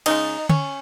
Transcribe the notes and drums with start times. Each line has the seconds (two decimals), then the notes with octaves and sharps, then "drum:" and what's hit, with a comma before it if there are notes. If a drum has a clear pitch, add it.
0.06 C#3 G#3 D#4, drum: cymbal
0.49 C#4, drum: tom D3